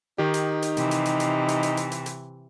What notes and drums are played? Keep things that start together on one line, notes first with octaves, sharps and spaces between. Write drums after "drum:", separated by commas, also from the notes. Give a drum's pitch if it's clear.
D#3 D#4 G4
drum: hi-hat
drum: hi-hat
C3 E3, drum: hi-hat
drum: hi-hat
drum: hi-hat
drum: hi-hat
drum: hi-hat
drum: hi-hat
drum: hi-hat
drum: hi-hat
drum: hi-hat